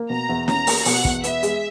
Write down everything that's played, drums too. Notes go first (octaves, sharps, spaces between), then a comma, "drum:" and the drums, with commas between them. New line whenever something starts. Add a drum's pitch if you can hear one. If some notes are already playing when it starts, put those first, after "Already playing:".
Already playing: A#3
B2 A#5
E2
C#4 A#5, drum: snare
A#3, drum: open hi-hat
B2 F#5, drum: open hi-hat
E2, drum: kick
B3 E5, drum: hi-hat
G#3, drum: hi-hat